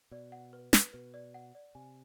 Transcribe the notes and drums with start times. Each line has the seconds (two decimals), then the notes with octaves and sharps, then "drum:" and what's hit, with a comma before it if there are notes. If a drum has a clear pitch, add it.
0.11 B2 D5
0.32 F#5
0.53 B4
0.73 B4, drum: snare
0.93 B2 B4
1.14 D5
1.34 F#5
1.55 D5
1.75 C3 G#5